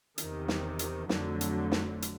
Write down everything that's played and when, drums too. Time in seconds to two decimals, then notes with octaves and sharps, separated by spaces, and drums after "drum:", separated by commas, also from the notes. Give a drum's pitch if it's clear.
0.18 E2 C3 D#3, drum: hi-hat
0.48 drum: snare
0.79 drum: hi-hat
1.09 F2 D3 F#3 A3, drum: snare
1.41 drum: hi-hat
1.72 drum: snare
2.02 drum: hi-hat